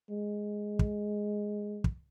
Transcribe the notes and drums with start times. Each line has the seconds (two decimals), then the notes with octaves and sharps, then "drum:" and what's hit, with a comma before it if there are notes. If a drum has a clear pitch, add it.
0.10 G#3
0.79 drum: kick
1.84 drum: kick